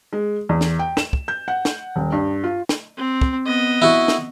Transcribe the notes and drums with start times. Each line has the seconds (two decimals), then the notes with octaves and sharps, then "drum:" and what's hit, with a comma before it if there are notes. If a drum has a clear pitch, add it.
0.13 G#3
0.49 E2
0.61 drum: snare
0.79 G5
0.97 E7, drum: snare
1.13 drum: kick
1.28 G6
1.48 F#5
1.65 drum: snare
1.96 D#1
2.12 G2
2.44 F4
2.69 drum: snare
2.97 C4
3.21 drum: kick
3.46 B3 D#5
3.82 E4 F#4
4.08 drum: snare